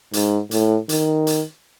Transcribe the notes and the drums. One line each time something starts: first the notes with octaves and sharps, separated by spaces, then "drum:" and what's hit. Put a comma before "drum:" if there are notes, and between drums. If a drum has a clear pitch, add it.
G#2, drum: hi-hat
A2, drum: hi-hat
D#3, drum: hi-hat
drum: hi-hat